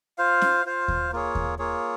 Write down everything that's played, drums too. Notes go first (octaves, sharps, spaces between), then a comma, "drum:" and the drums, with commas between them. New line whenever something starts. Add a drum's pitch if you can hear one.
F4 C5 F5
drum: snare C#4
F4 C5 F5
drum: kick D#2
A#3 F4 G#4 C#5
drum: kick D#2
A#3 F4 G#4 C#5